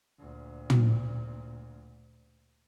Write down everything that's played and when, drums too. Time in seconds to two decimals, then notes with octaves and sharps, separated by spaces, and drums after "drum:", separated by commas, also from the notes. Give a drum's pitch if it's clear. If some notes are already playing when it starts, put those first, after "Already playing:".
0.19 D2 A#2
0.70 drum: tom